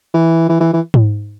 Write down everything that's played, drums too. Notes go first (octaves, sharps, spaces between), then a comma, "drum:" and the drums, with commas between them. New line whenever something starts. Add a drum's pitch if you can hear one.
E3
E3
E3
E3
drum: tom G#2